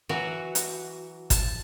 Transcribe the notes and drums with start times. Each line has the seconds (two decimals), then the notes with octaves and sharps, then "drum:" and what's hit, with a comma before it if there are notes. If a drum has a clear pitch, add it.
0.09 E3 F#3 F#4
0.55 drum: hi-hat
1.30 A5, drum: kick G1, hi-hat